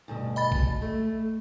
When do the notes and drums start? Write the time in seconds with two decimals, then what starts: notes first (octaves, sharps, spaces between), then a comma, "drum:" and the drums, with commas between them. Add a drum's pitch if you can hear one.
0.08 D2 G2 B2
0.36 D#5 B5 A6
0.52 drum: kick B1
0.82 A3